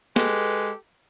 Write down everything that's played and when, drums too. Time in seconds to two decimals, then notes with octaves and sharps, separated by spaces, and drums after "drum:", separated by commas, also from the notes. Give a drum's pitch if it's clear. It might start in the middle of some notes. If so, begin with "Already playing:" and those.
0.16 G#3 G4 A4 B4, drum: snare